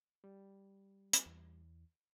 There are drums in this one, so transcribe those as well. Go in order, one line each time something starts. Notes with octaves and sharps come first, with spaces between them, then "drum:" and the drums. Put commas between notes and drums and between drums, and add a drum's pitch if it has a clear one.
G3
drum: hi-hat
E2